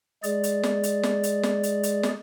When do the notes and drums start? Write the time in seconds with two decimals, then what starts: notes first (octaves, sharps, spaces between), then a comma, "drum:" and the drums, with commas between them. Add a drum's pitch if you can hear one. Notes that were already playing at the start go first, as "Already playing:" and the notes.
0.23 G#3 G#4 D5, drum: hi-hat
0.43 drum: hi-hat
0.63 drum: snare
0.83 drum: hi-hat
1.03 drum: snare
1.23 drum: hi-hat
1.43 drum: snare
1.63 drum: hi-hat
1.83 drum: hi-hat
2.03 drum: snare